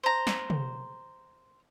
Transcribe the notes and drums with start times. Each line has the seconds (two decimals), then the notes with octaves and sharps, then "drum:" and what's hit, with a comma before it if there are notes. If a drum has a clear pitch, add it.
0.04 C5 A#5
0.27 drum: snare
0.50 drum: tom